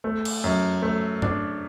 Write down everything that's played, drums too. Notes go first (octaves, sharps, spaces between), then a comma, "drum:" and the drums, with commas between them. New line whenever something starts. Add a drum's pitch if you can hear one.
A3
drum: cymbal
F#2
A3
D4, drum: tom G#2